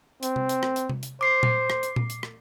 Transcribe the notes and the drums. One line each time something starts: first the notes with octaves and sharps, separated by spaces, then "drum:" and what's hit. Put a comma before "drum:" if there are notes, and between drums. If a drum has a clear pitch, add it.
C4, drum: hi-hat
drum: tom C3
drum: hi-hat
drum: rim click
drum: hi-hat
drum: tom C3
drum: hi-hat
C5 D6 C7
drum: tom A#2
drum: rim click
drum: hi-hat
drum: tom A#2
drum: hi-hat
drum: rim click